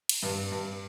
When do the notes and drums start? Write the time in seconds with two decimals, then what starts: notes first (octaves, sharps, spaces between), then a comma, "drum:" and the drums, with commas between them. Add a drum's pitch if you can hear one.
0.09 drum: cymbal
0.22 G2
0.52 G2